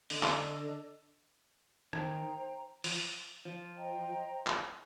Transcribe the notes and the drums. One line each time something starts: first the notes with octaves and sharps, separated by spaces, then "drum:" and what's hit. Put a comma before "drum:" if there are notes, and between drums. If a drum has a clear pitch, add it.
D3 D4 A4 D#5, drum: open hi-hat
drum: clap
D#3 C5 G5 A#5, drum: rim click
F3, drum: open hi-hat
F3
C5 D#5 G5 A#5
drum: clap